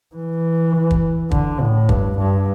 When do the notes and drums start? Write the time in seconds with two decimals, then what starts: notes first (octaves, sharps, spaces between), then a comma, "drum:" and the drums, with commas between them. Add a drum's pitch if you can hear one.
0.16 E3
0.91 drum: kick
1.31 D3, drum: kick
1.60 A2
1.89 G2, drum: kick
2.18 G2